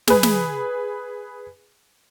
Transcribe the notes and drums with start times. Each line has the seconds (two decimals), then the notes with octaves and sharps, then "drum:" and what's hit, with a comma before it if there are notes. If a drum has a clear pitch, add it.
0.07 G#4 B4, drum: snare
0.23 drum: snare